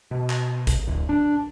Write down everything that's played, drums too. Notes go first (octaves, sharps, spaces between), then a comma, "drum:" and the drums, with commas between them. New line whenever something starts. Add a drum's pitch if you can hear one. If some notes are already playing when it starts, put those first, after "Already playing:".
B2
drum: clap
drum: kick G#1, hi-hat
D1
D4